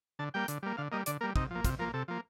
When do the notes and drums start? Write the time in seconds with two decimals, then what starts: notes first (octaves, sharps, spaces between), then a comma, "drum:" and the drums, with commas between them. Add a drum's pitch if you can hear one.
0.19 D3 A5
0.34 G3 A#3 G5
0.48 D3, drum: hi-hat
0.63 G3 A#3
0.77 D3 F5
0.92 G3 A#3 D#5
1.06 D3 D5, drum: hi-hat
1.21 G3 A#3 A#4
1.36 C3 D#4, drum: kick
1.51 F3 A#3
1.65 C3 F4, drum: kick, hi-hat
1.79 F3 A#3 A#4
1.93 C3 A4
2.08 F3 A#3